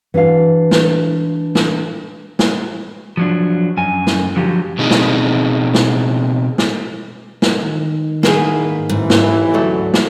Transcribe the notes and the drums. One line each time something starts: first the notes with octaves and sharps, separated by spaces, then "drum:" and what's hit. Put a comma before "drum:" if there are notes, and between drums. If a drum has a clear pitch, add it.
E3 D4 F#4 F5
drum: snare
drum: snare
drum: snare
F3 F#3 D4
F#2 G#5
drum: snare
D3 F3 F#3 G4
B2 C4 D#4 G#4
drum: snare
drum: snare
drum: snare
drum: snare
D#3
G#2 A#3 E4 G#4 B4, drum: snare
A1 G#2 E3
drum: snare
D2 F#3 A3
drum: snare